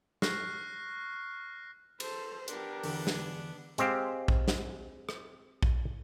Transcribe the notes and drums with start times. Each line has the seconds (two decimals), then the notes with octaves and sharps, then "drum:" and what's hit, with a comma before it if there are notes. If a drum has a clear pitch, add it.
0.22 C#6 F6 F#6 A#6 C7, drum: snare
2.00 A4 C5, drum: cymbal
2.48 B3 D4 G4 A#4, drum: hi-hat
2.83 E2 D3, drum: open hi-hat
3.07 drum: snare
3.78 G#3 C4 G4 C5 F5, drum: hi-hat
4.28 drum: kick A#1
4.48 drum: snare
5.09 drum: rim click
5.63 drum: kick A#1